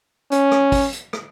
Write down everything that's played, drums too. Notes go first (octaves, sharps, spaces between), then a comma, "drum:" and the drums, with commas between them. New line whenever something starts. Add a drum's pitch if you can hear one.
C#4, drum: hi-hat
drum: rim click
drum: kick, open hi-hat
drum: hi-hat
drum: rim click